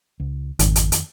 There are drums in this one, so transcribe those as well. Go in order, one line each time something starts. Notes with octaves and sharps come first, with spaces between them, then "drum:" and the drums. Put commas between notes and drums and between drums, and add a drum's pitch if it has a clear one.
C#2
G#1 F2 D#3, drum: hi-hat
drum: hi-hat
drum: hi-hat